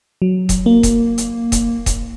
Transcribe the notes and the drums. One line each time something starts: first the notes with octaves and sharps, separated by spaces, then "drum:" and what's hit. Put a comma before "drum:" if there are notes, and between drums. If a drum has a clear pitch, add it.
F#3
drum: kick D#1, hi-hat
A#3
drum: kick D#1, hi-hat
drum: hi-hat
drum: kick D#1, hi-hat
drum: kick D#1, hi-hat